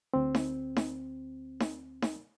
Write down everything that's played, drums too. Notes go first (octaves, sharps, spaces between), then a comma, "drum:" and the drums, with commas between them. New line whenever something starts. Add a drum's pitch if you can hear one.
D2 C4
drum: snare D#4
drum: snare D#4
drum: snare D#4
drum: snare D#4